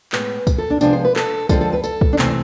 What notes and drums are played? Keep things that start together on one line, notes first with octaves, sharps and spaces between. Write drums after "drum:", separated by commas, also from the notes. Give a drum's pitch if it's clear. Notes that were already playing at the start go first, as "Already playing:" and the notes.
A2 G#3 B3 B4, drum: clap
drum: kick, tambourine
A4
D4
C3 F3 G#3 B3 D4, drum: tambourine
C5
B4
A4, drum: clap
D3 F3 G#3 C4 A4, drum: kick, tambourine
A4
B4
A4, drum: tambourine
drum: kick
D4
C3 E3 A3 C4, drum: clap